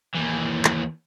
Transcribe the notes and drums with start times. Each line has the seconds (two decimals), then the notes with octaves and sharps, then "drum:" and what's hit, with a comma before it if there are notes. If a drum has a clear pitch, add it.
0.15 D#2 E3
0.65 drum: clap